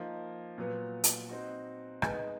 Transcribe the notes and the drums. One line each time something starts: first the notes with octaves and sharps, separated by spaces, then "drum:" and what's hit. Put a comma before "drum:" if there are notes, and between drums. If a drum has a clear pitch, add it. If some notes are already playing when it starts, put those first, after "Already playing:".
Already playing: F3 A#3 D#4
A#2 F#3 B3
drum: hi-hat
C4 D#4 F#4
G#3 B3 D#4, drum: rim click